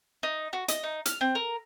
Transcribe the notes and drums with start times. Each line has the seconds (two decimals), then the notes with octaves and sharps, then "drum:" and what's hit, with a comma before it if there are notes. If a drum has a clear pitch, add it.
0.23 D#4
0.53 F#4
0.68 D#5, drum: hi-hat
0.83 D#4
1.06 F6, drum: hi-hat
1.21 C4
1.35 A#4